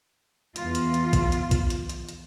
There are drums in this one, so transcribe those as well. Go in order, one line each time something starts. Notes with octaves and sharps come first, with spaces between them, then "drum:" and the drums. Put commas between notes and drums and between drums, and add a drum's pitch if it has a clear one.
E2 F4, drum: hi-hat
drum: hi-hat
drum: hi-hat
drum: kick, hi-hat
drum: hi-hat
drum: kick, hi-hat
drum: hi-hat
drum: hi-hat
drum: hi-hat